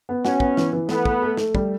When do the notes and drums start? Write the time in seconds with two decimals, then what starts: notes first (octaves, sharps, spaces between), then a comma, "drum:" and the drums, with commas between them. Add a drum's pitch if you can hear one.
0.09 B3
0.25 C#4 F#4, drum: snare
0.40 B3, drum: kick
0.57 E3, drum: snare
0.73 E3
0.89 A3 B3, drum: snare
1.05 A3, drum: kick
1.22 A3
1.37 A3, drum: snare
1.55 G3, drum: kick